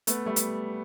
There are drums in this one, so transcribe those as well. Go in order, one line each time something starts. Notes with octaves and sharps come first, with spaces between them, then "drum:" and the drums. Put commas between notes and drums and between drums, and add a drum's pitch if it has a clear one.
A3 B3, drum: hi-hat
G3 A3
drum: hi-hat